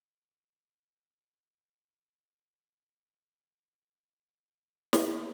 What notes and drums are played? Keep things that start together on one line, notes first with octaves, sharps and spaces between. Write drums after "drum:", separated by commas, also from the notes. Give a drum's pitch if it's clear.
E3
D3
C#3
C3
C#3
D3
D#3
F3
E3
D#3
E3
E3
drum: snare